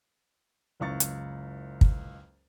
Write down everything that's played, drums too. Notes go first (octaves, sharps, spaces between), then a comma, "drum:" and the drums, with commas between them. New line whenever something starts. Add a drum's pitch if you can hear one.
F#1 C#2 C#6 A6
drum: hi-hat
drum: kick